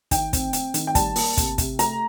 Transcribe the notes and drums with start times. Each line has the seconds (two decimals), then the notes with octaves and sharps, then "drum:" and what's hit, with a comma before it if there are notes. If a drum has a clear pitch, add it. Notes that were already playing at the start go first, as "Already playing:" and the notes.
0.11 D#3 G5, drum: kick, hi-hat
0.33 C4, drum: kick, hi-hat
0.53 C4, drum: hi-hat
0.74 D#3, drum: hi-hat
0.87 G5
0.95 G3 A5, drum: kick, hi-hat
1.16 A#3, drum: open hi-hat
1.37 C3, drum: kick, hi-hat
1.58 C3, drum: kick, hi-hat
1.79 A3 A#5, drum: hi-hat